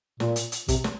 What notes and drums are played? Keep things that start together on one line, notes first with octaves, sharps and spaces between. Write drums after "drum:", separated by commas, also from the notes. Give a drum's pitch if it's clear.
A#2, drum: snare
drum: hi-hat
drum: hi-hat
C3, drum: kick, hi-hat
drum: snare